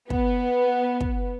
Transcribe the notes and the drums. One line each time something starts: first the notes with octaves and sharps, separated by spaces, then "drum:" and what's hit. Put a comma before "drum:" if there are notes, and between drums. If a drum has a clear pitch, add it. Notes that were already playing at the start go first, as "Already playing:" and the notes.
B3, drum: kick
drum: kick